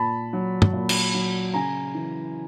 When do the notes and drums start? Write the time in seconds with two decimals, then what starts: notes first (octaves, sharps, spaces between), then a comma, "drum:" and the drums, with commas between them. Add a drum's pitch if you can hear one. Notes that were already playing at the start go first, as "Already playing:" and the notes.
Already playing: A#2 A5 B5
0.33 F#3
0.62 drum: tom
0.73 A#2
0.89 drum: cymbal
1.14 F#3
1.54 C#3 G#5 A#5
1.95 E3